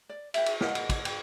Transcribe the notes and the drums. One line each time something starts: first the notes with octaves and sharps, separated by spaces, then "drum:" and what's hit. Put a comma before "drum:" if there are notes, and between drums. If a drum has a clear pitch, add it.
D5
E5 G5, drum: cymbal
drum: cymbal
A#4 D5 D#5 F#5, drum: snare
drum: cymbal
drum: kick, cymbal
G5, drum: cymbal